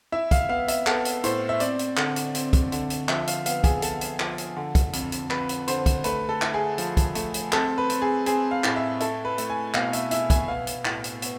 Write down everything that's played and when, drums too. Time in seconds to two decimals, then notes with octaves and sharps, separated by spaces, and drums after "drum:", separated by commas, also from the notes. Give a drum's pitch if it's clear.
0.12 E4 E5
0.31 F5, drum: kick, hi-hat
0.49 B3 F5
0.68 E5, drum: hi-hat
0.87 B3 A4, drum: clap
1.05 drum: hi-hat
1.24 A2 C5, drum: hi-hat
1.49 E5
1.60 C4 D5, drum: hi-hat
1.79 drum: hi-hat
1.97 D3, drum: clap
2.16 drum: hi-hat
2.35 C4, drum: hi-hat
2.53 drum: kick, hi-hat
2.72 D3, drum: hi-hat
2.90 drum: hi-hat
3.09 F3 E5, drum: clap
3.27 F5, drum: hi-hat
3.46 B3 F5, drum: hi-hat
3.64 G#4, drum: kick, hi-hat
3.82 B3 A4, drum: hi-hat
4.01 drum: hi-hat
4.20 F3, drum: clap
4.38 drum: hi-hat
4.57 D3
4.75 drum: kick, hi-hat
4.93 F2, drum: hi-hat
5.12 drum: hi-hat
5.30 F2 B4, drum: clap
5.49 drum: hi-hat
5.68 D3 C5, drum: hi-hat
5.86 drum: kick, hi-hat
6.04 A3 B4, drum: hi-hat
6.29 A4
6.42 E4, drum: clap
6.54 G#4
6.78 F3, drum: hi-hat
6.97 drum: kick, hi-hat
7.15 A3, drum: hi-hat
7.34 drum: hi-hat
7.52 C4 A4, drum: clap
7.78 B4
7.90 C4, drum: hi-hat
8.02 G#4
8.26 C4 G#4, drum: hi-hat
8.51 F5
8.64 A2, drum: clap
8.76 E5
9.00 E4 A4, drum: hi-hat
9.25 B4
9.38 A3, drum: hi-hat
9.50 G#5
9.74 B2 F5, drum: clap
9.93 E5, drum: hi-hat
10.11 E4 E5, drum: hi-hat
10.30 G#5, drum: kick, hi-hat
10.48 B3 F5
10.67 drum: hi-hat
10.85 A2, drum: clap
11.04 drum: hi-hat
11.22 B3, drum: hi-hat